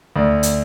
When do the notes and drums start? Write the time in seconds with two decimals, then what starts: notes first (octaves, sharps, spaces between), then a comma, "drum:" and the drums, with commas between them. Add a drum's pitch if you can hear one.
0.16 D2 D5
0.43 drum: hi-hat